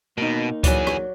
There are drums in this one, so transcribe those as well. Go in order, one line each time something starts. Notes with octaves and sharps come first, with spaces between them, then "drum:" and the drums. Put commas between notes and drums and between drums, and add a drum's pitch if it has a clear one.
B2 A#3 D#4
E3 F#3 F#4 G#4 D5, drum: kick C#2, hi-hat
drum: rim click